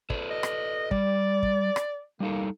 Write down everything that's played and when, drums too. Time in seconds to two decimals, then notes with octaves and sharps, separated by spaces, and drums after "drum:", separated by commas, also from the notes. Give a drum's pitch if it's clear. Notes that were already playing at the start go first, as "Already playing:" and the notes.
0.10 A4 B4 D5, drum: kick
0.30 D#5
0.43 drum: rim click
0.91 G3 D5, drum: kick
1.43 drum: kick
1.76 drum: rim click
2.20 G3 A#3 D#4 A4